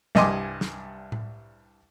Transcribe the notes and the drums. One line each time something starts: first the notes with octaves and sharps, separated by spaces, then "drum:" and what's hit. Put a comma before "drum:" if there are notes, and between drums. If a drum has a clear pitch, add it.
C2 G2 D#5 G#5 C6 D6, drum: snare
drum: snare
drum: tom A2